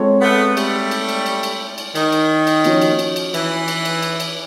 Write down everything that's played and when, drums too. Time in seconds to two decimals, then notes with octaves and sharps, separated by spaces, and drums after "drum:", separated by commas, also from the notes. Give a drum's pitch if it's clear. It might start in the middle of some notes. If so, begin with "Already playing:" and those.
Already playing: G#3 C4 F4 A4 C#5
0.22 A3 B3
0.57 G3 A3, drum: cymbal
0.91 drum: cymbal
1.09 drum: cymbal
1.26 drum: cymbal
1.43 drum: cymbal
1.78 drum: cymbal
1.95 D#3, drum: cymbal
2.12 drum: cymbal
2.47 drum: cymbal
2.64 F3 A#3 C#4 F#4, drum: cymbal
2.82 drum: cymbal
2.99 drum: cymbal
3.16 drum: cymbal
3.34 E3, drum: cymbal
3.68 drum: cymbal
3.85 drum: cymbal
4.03 drum: cymbal
4.20 drum: cymbal